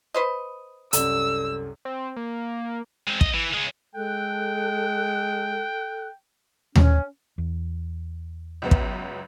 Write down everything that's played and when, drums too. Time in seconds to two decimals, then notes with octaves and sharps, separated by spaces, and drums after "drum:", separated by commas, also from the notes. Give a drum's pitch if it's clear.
0.14 B4 C5 D#5
0.93 C2 F#2 A4 E6, drum: hi-hat
1.85 C4
2.16 A#3
3.08 G#3 C4
3.21 C2 D#5, drum: kick
3.34 E3
3.54 C#3 G#3
3.95 G#3 A4 G5 F#6
6.75 C#4, drum: tom D#2
7.38 E2
8.62 C#2 F#2 B3
8.71 drum: kick